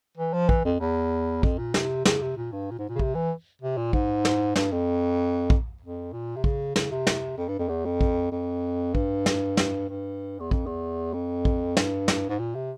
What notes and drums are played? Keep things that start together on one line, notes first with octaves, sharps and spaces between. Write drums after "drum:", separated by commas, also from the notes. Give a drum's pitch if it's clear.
E3
F3
E3, drum: kick
F2
E2
F2, drum: kick
A#2
C3, drum: snare
C#3, drum: snare
C3
A#2
G2
A#2
G#2
A#2
C#3
C3, drum: kick
E3
C3
A#2
G#2, drum: kick
drum: snare
G2, drum: snare
F2
drum: kick
F2
A#2
C3
C#3, drum: kick
C#3, drum: snare
C3
drum: snare
F2
G2
F2
E2
F2
drum: kick
F2
G2, drum: kick
drum: snare
drum: snare
G2
E2
F2, drum: kick
E2
F2
drum: kick
G2, drum: snare
drum: snare
G#2
A#2
C3